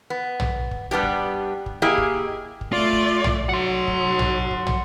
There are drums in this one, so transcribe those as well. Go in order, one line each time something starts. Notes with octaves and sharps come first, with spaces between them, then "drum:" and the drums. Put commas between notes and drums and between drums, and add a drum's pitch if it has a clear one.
B3
drum: tom
drum: kick
G3 B3 D4 G4
drum: kick
drum: kick
A#3 E4 G4 G#4 D#5
drum: kick
drum: kick
A3 F4 D5
drum: kick
drum: tom
F#3 F#5 C6
drum: kick
drum: tom
drum: kick
drum: tom